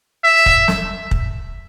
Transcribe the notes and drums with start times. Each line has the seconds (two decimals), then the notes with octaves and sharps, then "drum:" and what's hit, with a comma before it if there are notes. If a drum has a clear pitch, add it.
0.24 E5
0.46 drum: kick
0.68 drum: snare
1.11 drum: kick